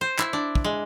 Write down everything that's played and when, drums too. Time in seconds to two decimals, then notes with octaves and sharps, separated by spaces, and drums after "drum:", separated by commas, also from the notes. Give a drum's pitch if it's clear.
0.01 C5
0.19 E4, drum: clap
0.33 D4
0.55 drum: kick
0.64 G#3